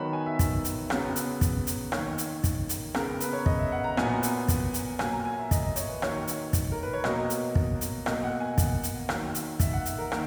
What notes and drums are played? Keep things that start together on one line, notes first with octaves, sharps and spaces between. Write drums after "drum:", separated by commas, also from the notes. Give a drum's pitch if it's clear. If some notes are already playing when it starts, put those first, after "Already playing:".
Already playing: D#3 F#3 B3 B5
G#5
E5
E5, drum: kick, hi-hat
drum: hi-hat
C#3 F#3 B3, drum: rim click
drum: hi-hat
drum: kick, hi-hat
drum: hi-hat
D#3 A#3 C#5, drum: rim click
drum: hi-hat
drum: kick, hi-hat
drum: hi-hat
C#3 G#3 B3 A#4, drum: rim click
B4, drum: hi-hat
C#5
D#5, drum: kick
E5
F#5
A#5
A#2 F#3 B3 G#5, drum: rim click
drum: hi-hat
drum: kick, hi-hat
drum: hi-hat
A#2 F#3 A#3 G#5, drum: rim click
A#5
G#5
E5
D#5, drum: kick, hi-hat
D#5
C#5, drum: hi-hat
B4
D#3 F#3 A#3 C#5, drum: rim click
drum: hi-hat
drum: kick, hi-hat
A#4
B4
C#5
B2 F#3 A#3 D#5, drum: rim click
drum: hi-hat
drum: kick
drum: hi-hat
B2 A#3 D#5, drum: rim click
F#5
G#5
F#5, drum: kick, hi-hat
drum: hi-hat
D#3 F#3 A#3, drum: rim click
drum: hi-hat
E5, drum: kick, hi-hat
F#5
E5, drum: hi-hat
A#4
D#3 A#3 A#4, drum: rim click